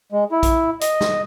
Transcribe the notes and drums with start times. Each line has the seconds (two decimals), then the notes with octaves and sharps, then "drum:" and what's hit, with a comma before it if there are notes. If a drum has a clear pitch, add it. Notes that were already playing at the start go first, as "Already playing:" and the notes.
0.12 G#3
0.32 E4
0.43 drum: kick A#1, hi-hat
0.81 D#5, drum: hi-hat
1.01 drum: snare